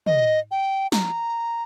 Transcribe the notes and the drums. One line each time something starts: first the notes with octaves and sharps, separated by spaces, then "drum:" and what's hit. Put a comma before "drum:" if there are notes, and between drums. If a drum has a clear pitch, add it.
D#5, drum: tom
G5
A#5, drum: snare